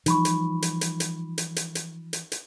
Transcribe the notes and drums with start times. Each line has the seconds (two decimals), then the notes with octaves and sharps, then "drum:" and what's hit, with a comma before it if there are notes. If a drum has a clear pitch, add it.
0.06 E3 F3 G3 D#4 B5 C#6, drum: hi-hat
0.25 drum: hi-hat
0.62 drum: hi-hat
0.81 drum: hi-hat
1.00 drum: hi-hat
1.38 drum: hi-hat
1.56 drum: hi-hat
1.75 drum: hi-hat
2.13 drum: hi-hat
2.32 drum: hi-hat